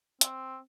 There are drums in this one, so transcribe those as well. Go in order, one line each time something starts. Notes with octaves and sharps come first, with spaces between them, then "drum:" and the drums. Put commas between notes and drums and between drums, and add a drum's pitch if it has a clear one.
C4, drum: hi-hat